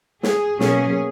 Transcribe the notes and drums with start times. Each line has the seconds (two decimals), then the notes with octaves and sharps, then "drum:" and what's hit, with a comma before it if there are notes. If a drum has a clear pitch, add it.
0.23 G#4, drum: snare
0.60 B2 F#3 A#3 C#4 G#4, drum: snare